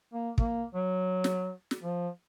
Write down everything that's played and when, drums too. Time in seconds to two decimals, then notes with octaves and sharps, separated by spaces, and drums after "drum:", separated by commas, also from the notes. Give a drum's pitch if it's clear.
0.13 A#3
0.38 A#3, drum: kick
0.74 F#3
1.24 drum: snare
1.71 drum: snare
1.83 F3